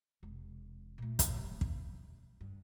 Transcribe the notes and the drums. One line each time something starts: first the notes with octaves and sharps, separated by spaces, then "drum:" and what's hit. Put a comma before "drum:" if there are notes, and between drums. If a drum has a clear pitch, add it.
E1 C3
A#2 A3
drum: kick, hi-hat
D1
B2, drum: kick
G2